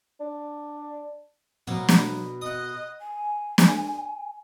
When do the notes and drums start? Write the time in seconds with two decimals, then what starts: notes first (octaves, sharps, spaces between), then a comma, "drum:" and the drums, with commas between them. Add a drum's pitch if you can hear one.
0.20 D4
1.67 B2 F#3 A#3 C#5
1.89 drum: snare
2.42 D#5 F#5 D#6
3.00 G#5
3.58 drum: snare